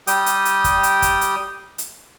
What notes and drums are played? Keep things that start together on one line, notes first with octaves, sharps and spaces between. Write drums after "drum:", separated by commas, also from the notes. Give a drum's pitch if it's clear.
G3 G4 G5 D#6, drum: hi-hat
drum: hi-hat
drum: hi-hat
drum: kick, hi-hat
drum: hi-hat
drum: kick, hi-hat
drum: hi-hat
drum: hi-hat